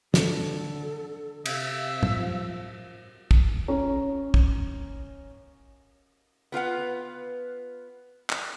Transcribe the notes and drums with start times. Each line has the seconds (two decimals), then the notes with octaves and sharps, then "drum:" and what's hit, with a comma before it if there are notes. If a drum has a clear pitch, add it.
0.14 D3 A4, drum: snare
1.46 C3 E5 F5, drum: cymbal
2.03 F3, drum: tom
3.31 drum: kick
3.68 C#4 A#5
4.34 drum: kick
6.52 B3 F4 B4 F#5
8.30 drum: clap